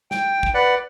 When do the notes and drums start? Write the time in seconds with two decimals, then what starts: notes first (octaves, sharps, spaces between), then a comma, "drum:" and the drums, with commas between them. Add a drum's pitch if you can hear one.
0.11 G5, drum: snare
0.43 drum: kick
0.54 B4 D5 F#5